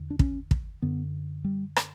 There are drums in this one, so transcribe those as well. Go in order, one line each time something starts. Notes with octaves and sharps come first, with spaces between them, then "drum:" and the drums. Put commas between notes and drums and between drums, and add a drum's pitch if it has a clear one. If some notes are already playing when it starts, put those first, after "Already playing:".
Already playing: E2 D3
D4
C#4, drum: kick
drum: kick
F#2 D3 B3
G3
drum: rim click